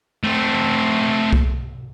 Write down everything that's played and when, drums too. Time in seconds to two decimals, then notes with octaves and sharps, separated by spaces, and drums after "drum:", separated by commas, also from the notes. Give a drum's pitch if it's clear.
0.24 A3 C4
1.33 drum: kick C2